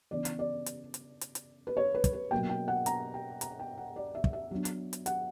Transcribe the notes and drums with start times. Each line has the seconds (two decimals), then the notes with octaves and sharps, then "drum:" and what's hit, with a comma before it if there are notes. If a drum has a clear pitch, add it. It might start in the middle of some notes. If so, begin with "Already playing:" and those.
0.11 C#3 E3 B3 D4 D5
0.25 drum: hi-hat
0.39 D5
0.66 drum: hi-hat
0.94 drum: hi-hat
1.21 drum: hi-hat
1.35 drum: hi-hat
1.67 B4
1.77 C#5
1.95 B4
2.04 drum: kick, hi-hat
2.13 B4
2.31 B2 F#3 A#3 G5
2.50 G5
2.68 F#5
2.86 A#5, drum: hi-hat
3.14 G5
3.41 A#5, drum: hi-hat
3.60 G5
3.78 F#5
3.96 D5
4.15 E5
4.24 drum: kick
4.33 E5
4.51 F#3 B3 D4
4.65 drum: hi-hat
4.93 drum: hi-hat
5.06 F#5, drum: hi-hat